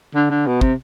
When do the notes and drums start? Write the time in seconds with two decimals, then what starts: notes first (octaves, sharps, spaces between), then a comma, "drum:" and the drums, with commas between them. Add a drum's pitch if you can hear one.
0.15 D3
0.30 D3
0.47 B2
0.61 C3, drum: kick